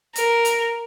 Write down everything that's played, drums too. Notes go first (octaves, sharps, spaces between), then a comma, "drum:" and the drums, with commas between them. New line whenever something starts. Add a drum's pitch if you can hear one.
A#4, drum: hi-hat
drum: hi-hat